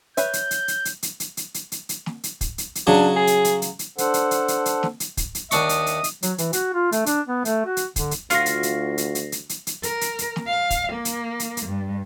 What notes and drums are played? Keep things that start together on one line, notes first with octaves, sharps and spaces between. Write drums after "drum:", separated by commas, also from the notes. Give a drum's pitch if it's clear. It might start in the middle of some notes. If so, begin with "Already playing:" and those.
B4 C#5 E5 G6, drum: hi-hat
drum: hi-hat
drum: hi-hat
drum: hi-hat
drum: hi-hat
drum: hi-hat
drum: hi-hat
drum: hi-hat
drum: hi-hat
drum: hi-hat
drum: hi-hat
drum: snare
drum: hi-hat
drum: kick, hi-hat
drum: hi-hat
drum: hi-hat
C#3 F#3 D4
G#4
drum: hi-hat
drum: hi-hat
drum: hi-hat
drum: hi-hat
D4 A4 C5 F#5, drum: hi-hat
drum: hi-hat
drum: hi-hat
drum: hi-hat
drum: hi-hat
drum: snare
drum: hi-hat
drum: kick, hi-hat
drum: hi-hat
D#2 D4 D#5 E5 C#6 D#6, drum: hi-hat
drum: hi-hat
drum: hi-hat
drum: hi-hat
F#3, drum: hi-hat
E3, drum: hi-hat
F#4, drum: hi-hat
F4
A3, drum: hi-hat
D4, drum: hi-hat
B3
A3, drum: hi-hat
F#4
drum: hi-hat
D3, drum: kick, hi-hat
drum: hi-hat
D2 F4 F#4 A#6 C7, drum: hi-hat
drum: hi-hat
drum: hi-hat
drum: hi-hat
drum: hi-hat
drum: hi-hat
drum: hi-hat
drum: hi-hat
A#4, drum: hi-hat
drum: hi-hat
drum: hi-hat
drum: snare
F5
drum: kick, hi-hat
A#3
drum: hi-hat
drum: hi-hat
drum: hi-hat
G2